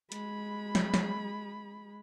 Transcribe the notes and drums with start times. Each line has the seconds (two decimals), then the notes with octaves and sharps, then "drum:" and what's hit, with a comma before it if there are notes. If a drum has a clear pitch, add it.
0.12 G#3 B5, drum: hi-hat
0.75 drum: snare
0.94 drum: snare